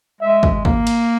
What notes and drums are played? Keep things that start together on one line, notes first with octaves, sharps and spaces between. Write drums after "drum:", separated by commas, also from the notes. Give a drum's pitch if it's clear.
G#3 E5
drum: kick
A#3, drum: kick
drum: cymbal